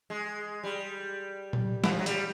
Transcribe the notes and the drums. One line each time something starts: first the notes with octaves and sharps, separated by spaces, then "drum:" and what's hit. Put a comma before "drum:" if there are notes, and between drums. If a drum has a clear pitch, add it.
G#3
G3
drum: tom A#2
E3, drum: snare
F3
F#3
G3, drum: hi-hat